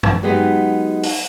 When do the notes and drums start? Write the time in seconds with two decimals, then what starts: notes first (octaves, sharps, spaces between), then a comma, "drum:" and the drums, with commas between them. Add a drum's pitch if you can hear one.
0.03 drum: tom G2
0.23 F#3 G#3 B3 D#4 G4
1.03 drum: open hi-hat